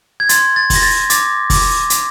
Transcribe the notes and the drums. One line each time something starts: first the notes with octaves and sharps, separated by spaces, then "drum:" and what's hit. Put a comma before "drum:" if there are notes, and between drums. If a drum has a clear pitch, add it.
G#6
C6 A6, drum: hi-hat
A6
C6, drum: kick, open hi-hat
A#6
A6
D6 A6, drum: hi-hat
D6, drum: kick, open hi-hat
drum: hi-hat